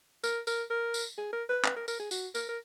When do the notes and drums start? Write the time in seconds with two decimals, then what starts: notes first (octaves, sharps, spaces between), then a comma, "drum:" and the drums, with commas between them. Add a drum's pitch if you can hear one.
0.24 A#4, drum: tambourine
0.47 A#4, drum: tambourine
0.70 A#4
0.94 drum: tambourine
1.18 G#4
1.33 A#4
1.49 B4
1.64 B4, drum: clap
1.76 A#4
1.88 A#4, drum: tambourine
2.00 G#4
2.11 F#4, drum: tambourine
2.35 A#4, drum: tambourine
2.49 A#4